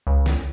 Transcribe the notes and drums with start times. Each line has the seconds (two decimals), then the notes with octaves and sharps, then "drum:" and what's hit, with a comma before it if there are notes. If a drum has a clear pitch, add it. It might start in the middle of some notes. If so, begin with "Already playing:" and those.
0.07 C#2
0.26 drum: snare